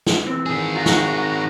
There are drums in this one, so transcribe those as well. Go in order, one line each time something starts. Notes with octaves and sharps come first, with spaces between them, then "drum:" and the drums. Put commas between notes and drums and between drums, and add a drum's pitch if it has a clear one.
drum: snare
E3 C4
D#3 G#4
F4 F#4 A#5
drum: snare